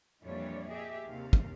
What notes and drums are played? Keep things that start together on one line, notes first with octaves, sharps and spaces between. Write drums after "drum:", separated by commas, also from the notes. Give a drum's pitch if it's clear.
F2 A#2 E3 G3 D4 C#5
G4 G#4 D#5 E5
D#2 C3 F5
drum: kick